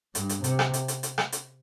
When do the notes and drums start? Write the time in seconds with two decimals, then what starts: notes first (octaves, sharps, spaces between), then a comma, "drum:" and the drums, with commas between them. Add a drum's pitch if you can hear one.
0.15 G2, drum: hi-hat
0.29 drum: hi-hat
0.44 C3, drum: hi-hat
0.59 drum: rim click
0.74 drum: hi-hat
0.88 drum: hi-hat
1.03 drum: hi-hat
1.18 drum: rim click
1.32 drum: hi-hat